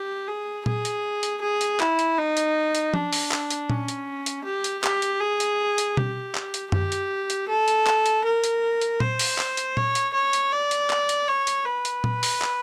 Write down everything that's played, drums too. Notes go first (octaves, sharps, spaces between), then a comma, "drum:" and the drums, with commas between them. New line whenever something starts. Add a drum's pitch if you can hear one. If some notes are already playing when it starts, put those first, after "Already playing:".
Already playing: G4
G#4
G#4, drum: tom A#2
drum: hi-hat
drum: hi-hat
G#4
drum: hi-hat
E4, drum: clap
drum: hi-hat
D#4
drum: hi-hat
drum: hi-hat
D4, drum: tom F3
drum: open hi-hat
drum: clap
drum: hi-hat
C#4, drum: tom A#2
drum: hi-hat
drum: hi-hat
G4
drum: hi-hat
G4, drum: clap
drum: hi-hat
G#4
drum: hi-hat
drum: hi-hat
G4, drum: tom B2
drum: clap
drum: hi-hat
G4, drum: tom F#2
drum: hi-hat
drum: hi-hat
A4
drum: hi-hat
drum: clap
drum: hi-hat
A#4
drum: hi-hat
drum: hi-hat
C5, drum: tom A#2
drum: open hi-hat
drum: clap
drum: hi-hat
C#5, drum: tom A#2
drum: hi-hat
C#5
drum: hi-hat
D5
drum: hi-hat
drum: clap
drum: hi-hat
C#5
drum: hi-hat
B4
drum: hi-hat
drum: tom A#2
drum: open hi-hat
drum: clap